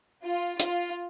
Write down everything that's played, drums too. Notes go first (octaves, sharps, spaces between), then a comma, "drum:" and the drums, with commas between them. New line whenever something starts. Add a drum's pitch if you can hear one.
F4
F4, drum: hi-hat